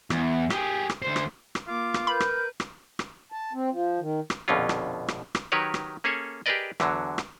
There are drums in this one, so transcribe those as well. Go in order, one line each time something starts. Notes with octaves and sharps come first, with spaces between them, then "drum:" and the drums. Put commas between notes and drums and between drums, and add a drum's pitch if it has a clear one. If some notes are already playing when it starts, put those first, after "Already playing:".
E2, drum: rim click
G4 G#4, drum: rim click
drum: rim click
D2 C5
drum: rim click
drum: rim click
A#3 F4 D6
drum: rim click
A#4 B4 B5 G6
drum: rim click
drum: rim click
drum: rim click
A5
C4
F3
D#3
drum: rim click
A#1 F2 B2 D3 C#4 F4
drum: rim click
drum: rim click
drum: rim click
D#3 F#3 G4 A#4 B4 C#5
drum: rim click
A#3 C#4 G#4 A4 C#5
G4 G#4 A#4 B4 D5 D#5
E2 D3 F#3, drum: rim click
drum: rim click